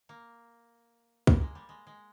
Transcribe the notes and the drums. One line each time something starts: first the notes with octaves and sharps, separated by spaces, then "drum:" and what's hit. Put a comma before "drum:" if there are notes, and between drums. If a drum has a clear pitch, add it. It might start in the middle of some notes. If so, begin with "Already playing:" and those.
A#3
A#3, drum: kick
G#3
G3
G#3
G#3